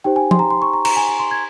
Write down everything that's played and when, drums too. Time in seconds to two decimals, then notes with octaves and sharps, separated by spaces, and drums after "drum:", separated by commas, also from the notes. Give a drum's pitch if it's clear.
0.04 D#4 G4 C5 G5
0.16 G#5
0.31 C6, drum: tom F3
0.39 A#5
0.51 C6
0.62 C#6
0.73 A#5
0.85 A#5, drum: cymbal
0.96 G#5
1.08 G#5
1.19 C6
1.31 G#6